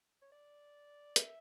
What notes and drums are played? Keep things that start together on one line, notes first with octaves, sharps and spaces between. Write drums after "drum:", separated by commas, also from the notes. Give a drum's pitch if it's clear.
C#5
D5
E5, drum: hi-hat